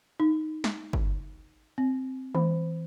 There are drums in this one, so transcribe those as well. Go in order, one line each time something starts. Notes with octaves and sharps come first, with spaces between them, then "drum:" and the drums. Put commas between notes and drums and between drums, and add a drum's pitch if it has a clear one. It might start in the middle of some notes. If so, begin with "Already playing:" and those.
D#4
drum: snare
drum: kick
C4
E3, drum: tom